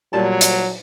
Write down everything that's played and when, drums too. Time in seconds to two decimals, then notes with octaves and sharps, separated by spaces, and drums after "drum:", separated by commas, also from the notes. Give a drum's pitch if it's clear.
0.13 A#2 F#3 G3 A5
0.41 drum: hi-hat